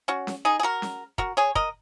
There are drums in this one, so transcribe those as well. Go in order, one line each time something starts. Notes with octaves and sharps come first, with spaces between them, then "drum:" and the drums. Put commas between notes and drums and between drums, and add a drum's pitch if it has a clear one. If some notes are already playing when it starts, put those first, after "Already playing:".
C#4 F#4
drum: snare C#4
D#4 G#4
G#4
F#4 A#4
drum: snare C#4
F#4 A#4, drum: kick
G#4 C#5
A#4 D#5, drum: kick